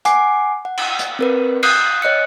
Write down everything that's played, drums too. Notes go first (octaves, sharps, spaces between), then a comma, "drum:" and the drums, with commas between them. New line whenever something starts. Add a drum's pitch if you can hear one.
F#5 G#5 D6 C7, drum: hi-hat
F#5
drum: cymbal
drum: hi-hat
C4 A#4 B4
D#6 F#6 G6 C7, drum: cymbal
C#5 D#5 F#6 C#7